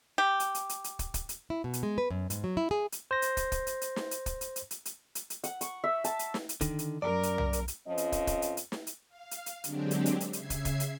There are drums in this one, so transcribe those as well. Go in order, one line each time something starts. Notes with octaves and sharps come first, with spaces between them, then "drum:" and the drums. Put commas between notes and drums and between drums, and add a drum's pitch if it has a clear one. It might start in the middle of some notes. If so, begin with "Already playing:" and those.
G4
drum: hi-hat
drum: hi-hat
drum: hi-hat
drum: hi-hat
drum: kick, hi-hat
drum: kick, hi-hat
drum: hi-hat
E4
B2
drum: hi-hat
G#3
B4
F#2
G#2, drum: hi-hat
F#3
E4
G#4
drum: hi-hat
C5 A#6
drum: hi-hat
drum: kick, hi-hat
drum: kick, hi-hat
drum: hi-hat
drum: hi-hat
drum: snare
drum: hi-hat
drum: kick, hi-hat
drum: hi-hat
drum: hi-hat
drum: hi-hat
drum: hi-hat
drum: hi-hat
drum: hi-hat
F#5, drum: hi-hat
C#6, drum: hi-hat
E5
A5, drum: hi-hat
drum: hi-hat
drum: snare
drum: hi-hat
D3 D#3, drum: kick, hi-hat
drum: hi-hat
F#2 A#4 D5
drum: hi-hat
drum: tom
drum: hi-hat
drum: hi-hat
F2 F3 C#4 D#5
drum: hi-hat
drum: kick, hi-hat
drum: kick, hi-hat
drum: hi-hat
drum: hi-hat
drum: snare
drum: hi-hat
F5
drum: hi-hat
drum: hi-hat
D3 F#3 G#3 C4 D4 G4, drum: hi-hat
drum: hi-hat
drum: hi-hat
drum: hi-hat
C#3 E5 G#6 C7, drum: hi-hat
drum: kick, hi-hat
drum: kick, hi-hat
drum: hi-hat